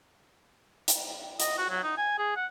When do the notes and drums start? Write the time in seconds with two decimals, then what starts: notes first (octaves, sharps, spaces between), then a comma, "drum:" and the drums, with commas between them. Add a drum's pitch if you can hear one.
0.88 drum: hi-hat
1.40 D#5, drum: hi-hat
1.58 F#4
1.70 F#3
1.84 D#4
1.97 G#5
2.18 G#4
2.36 F#5